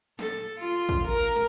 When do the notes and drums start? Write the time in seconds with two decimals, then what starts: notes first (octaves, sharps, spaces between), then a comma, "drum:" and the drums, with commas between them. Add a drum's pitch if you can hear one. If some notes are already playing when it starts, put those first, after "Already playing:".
0.19 A4, drum: snare
0.59 F4
0.89 drum: kick
1.08 A#4